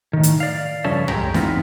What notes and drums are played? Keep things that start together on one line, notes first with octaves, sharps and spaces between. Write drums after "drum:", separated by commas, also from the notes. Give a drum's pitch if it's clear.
A2 D#3
drum: hi-hat
D5 F5
G2 C#3 F3 C#4 A4 E5
G#3 G4 A#4, drum: tom
E3 B3 C4 D#4 F4, drum: snare